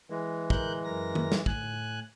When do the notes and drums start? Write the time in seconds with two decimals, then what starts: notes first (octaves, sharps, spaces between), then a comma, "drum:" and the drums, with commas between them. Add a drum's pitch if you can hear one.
0.10 E3 G#3
0.50 A#4 F#6 G6, drum: kick
0.85 F#2 A#4 A#6
1.15 drum: tom D#3
1.32 drum: snare
1.46 A2 G#5 F#6, drum: kick